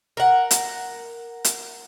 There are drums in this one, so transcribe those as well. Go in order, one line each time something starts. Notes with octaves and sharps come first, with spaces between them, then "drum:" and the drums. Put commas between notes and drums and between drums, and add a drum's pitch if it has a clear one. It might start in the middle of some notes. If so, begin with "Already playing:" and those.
A#4 F#5
drum: hi-hat
drum: hi-hat